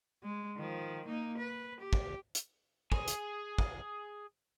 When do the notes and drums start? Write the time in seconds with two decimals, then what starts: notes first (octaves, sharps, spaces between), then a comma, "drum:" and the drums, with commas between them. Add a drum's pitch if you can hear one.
0.24 G#3
0.57 D#3 F3
1.06 A#3 D#4
1.38 B4
1.80 G4
1.93 drum: kick
2.35 drum: hi-hat
2.92 G#4 G#5, drum: kick
3.08 drum: hi-hat
3.58 drum: kick